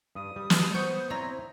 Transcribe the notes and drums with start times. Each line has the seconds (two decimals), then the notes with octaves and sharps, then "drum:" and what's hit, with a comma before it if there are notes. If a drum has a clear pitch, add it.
0.15 G2 D#6
0.36 G3
0.50 drum: snare
0.74 B3 C5 C#6 G6 C#7
1.10 C4 E4 C#5 D5 A#5 A#6